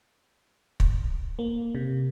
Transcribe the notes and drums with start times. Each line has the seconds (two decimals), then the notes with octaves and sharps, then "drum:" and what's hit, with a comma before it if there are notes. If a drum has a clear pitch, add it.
0.80 drum: kick
1.39 A#3
1.75 C3